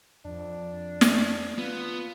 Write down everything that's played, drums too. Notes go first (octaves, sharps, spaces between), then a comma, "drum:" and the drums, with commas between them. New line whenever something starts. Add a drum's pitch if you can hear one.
F2 D4
drum: snare
B3 F4